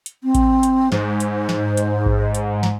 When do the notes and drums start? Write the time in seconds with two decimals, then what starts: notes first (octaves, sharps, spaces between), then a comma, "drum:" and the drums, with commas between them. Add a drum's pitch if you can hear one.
0.06 drum: hi-hat
0.23 C4
0.35 drum: kick A1, hi-hat
0.63 drum: hi-hat
0.92 G#2 C5, drum: snare
1.20 drum: hi-hat
1.49 drum: snare
1.77 drum: hi-hat
2.06 drum: kick A1
2.35 drum: hi-hat
2.63 drum: snare